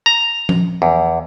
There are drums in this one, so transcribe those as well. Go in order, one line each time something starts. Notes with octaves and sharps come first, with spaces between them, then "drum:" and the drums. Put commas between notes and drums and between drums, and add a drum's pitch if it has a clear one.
A#5
drum: tom F3
E2